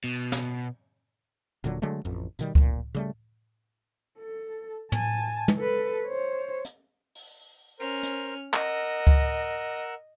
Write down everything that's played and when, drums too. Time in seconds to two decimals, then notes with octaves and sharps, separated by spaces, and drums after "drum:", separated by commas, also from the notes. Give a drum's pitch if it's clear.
0.04 B2
0.32 drum: snare
1.64 D#1 A#2 D3 F#3
1.82 D3 F#3 G#3 A3
2.05 A1 F2
2.39 B2 D#3 G3, drum: hi-hat
2.55 F1 A#2, drum: kick C#2
2.95 C#3 G3 A3
4.19 A4
4.92 G#5 A5, drum: tom
5.48 drum: tom
5.58 A4 B4
6.06 C5 C#5
6.65 drum: hi-hat
7.15 drum: open hi-hat
7.80 C#4 A#4 C5 F6
8.03 drum: hi-hat
8.54 A#4 D#5 F#5 E6, drum: clap
9.07 drum: kick C#2